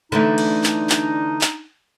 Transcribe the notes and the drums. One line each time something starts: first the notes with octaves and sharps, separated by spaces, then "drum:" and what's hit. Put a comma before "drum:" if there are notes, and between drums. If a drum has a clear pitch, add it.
D3 E3 A3 D4 D#4
drum: cymbal
drum: clap
drum: clap
drum: clap